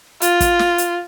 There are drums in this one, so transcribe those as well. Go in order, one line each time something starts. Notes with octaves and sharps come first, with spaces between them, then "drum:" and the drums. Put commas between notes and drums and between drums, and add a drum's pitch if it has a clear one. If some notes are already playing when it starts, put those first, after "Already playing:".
F4, drum: hi-hat
drum: kick, hi-hat
drum: snare
drum: hi-hat